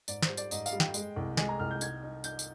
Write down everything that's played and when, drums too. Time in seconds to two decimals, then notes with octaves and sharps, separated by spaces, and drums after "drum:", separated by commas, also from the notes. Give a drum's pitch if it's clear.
0.08 G#2 D5, drum: tambourine
0.23 C5, drum: snare
0.29 G3
0.37 D5, drum: tambourine
0.51 G#2 D#5, drum: tambourine
0.66 F5, drum: tambourine
0.73 G3
0.80 G5, drum: snare
0.94 G#3, drum: tambourine
1.16 C2
1.37 G#3 G#5, drum: snare
1.49 A#5
1.60 C2 F6
1.71 G6
1.81 D#4 G#6, drum: tambourine
2.03 D#4
2.24 D#4 G6, drum: tambourine
2.39 drum: tambourine